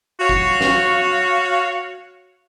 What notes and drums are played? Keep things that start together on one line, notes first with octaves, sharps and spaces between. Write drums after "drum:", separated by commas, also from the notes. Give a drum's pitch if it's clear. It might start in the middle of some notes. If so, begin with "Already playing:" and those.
F#4 C#5 F5
drum: kick G1
drum: snare